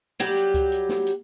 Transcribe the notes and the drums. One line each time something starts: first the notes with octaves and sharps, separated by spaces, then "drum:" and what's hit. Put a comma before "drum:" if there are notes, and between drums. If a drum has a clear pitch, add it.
F#3 G3 G4, drum: snare
drum: hi-hat
drum: kick C#2, hi-hat
drum: hi-hat
drum: snare
drum: hi-hat